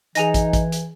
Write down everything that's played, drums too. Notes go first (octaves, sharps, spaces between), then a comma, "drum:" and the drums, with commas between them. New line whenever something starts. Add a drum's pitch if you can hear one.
E3 D#4 G#4 G#5 A#6, drum: hi-hat
drum: kick, hi-hat
drum: kick, hi-hat
drum: hi-hat